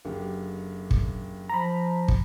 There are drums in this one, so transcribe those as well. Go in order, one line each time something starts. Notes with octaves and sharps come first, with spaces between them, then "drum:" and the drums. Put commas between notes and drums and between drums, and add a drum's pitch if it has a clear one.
F#1 D3 G4
drum: kick
F3 A#5 B5
drum: kick